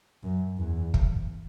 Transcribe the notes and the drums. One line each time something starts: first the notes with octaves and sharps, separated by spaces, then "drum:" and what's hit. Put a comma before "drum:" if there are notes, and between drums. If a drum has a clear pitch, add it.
F#2
E2
drum: kick